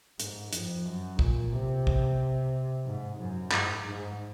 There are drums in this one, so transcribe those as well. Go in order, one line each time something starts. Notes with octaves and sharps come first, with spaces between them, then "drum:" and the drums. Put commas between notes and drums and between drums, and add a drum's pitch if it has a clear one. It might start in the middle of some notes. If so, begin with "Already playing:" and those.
G#2, drum: hi-hat
F2, drum: hi-hat
F#2
A#2, drum: kick
C3
drum: kick
G#2
F#2
G#2, drum: clap
G#2